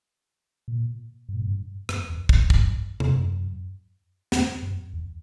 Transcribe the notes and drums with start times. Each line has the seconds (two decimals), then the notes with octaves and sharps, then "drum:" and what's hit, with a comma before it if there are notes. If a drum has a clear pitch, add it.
0.68 A#2
1.29 G2
1.35 A#2
1.42 G2
1.89 F#2, drum: rim click
2.10 E2
2.29 F#2, drum: kick
2.50 G2, drum: kick
3.00 E2, drum: tom C3
3.11 F#2
4.32 E2, drum: snare
4.63 F#2
4.94 E2